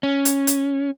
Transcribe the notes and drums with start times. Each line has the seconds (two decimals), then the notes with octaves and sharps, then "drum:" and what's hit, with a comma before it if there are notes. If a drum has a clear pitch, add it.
0.03 C#4
0.25 drum: hi-hat
0.47 drum: hi-hat